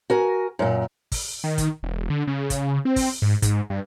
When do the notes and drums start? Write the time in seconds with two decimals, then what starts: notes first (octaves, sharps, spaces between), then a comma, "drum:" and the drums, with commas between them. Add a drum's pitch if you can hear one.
0.10 F#4 A#4 G#5
0.59 F#2 A#2
1.12 drum: kick, open hi-hat
1.44 D#3
1.58 drum: kick, hi-hat
1.83 E1
2.10 D3
2.27 C#3
2.50 drum: kick, hi-hat
2.85 C4
2.96 drum: kick, open hi-hat
3.22 G#2
3.42 G#2, drum: kick, hi-hat
3.70 G2